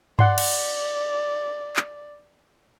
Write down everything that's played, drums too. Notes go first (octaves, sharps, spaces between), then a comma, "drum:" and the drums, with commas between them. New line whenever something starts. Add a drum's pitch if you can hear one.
D5 F#5 C6, drum: tom G2
drum: cymbal
drum: clap